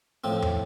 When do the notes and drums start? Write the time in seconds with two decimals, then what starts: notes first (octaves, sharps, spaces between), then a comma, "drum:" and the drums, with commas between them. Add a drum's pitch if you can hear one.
0.24 A2 F3 C4
0.42 drum: tom